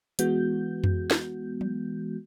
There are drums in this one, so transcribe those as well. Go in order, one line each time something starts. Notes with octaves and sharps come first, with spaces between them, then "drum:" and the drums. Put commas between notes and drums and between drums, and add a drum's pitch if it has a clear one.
E3 G#3 B3 F#4 G6, drum: hi-hat
drum: tom F2
drum: snare
drum: tom F#3